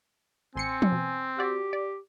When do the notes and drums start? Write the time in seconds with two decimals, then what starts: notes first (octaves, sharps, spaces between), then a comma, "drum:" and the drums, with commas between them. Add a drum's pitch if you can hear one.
0.56 A1 C4 G#5 C6 C#7
0.82 drum: tom
0.92 B2
1.39 F#4 G4 D5
1.73 D5